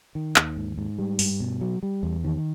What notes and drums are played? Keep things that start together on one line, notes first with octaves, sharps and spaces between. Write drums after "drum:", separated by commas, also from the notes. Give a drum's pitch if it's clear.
D#3
D#2, drum: clap
G#2
G#2
G3
G2, drum: open hi-hat
B2
F#3
G3
E2
D#3